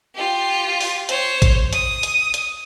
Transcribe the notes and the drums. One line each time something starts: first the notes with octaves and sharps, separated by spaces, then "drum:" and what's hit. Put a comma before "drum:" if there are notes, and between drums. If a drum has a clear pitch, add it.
F4 G4
drum: open hi-hat
C5 C#5, drum: hi-hat
drum: kick, hi-hat
D#6, drum: hi-hat
drum: hi-hat
drum: hi-hat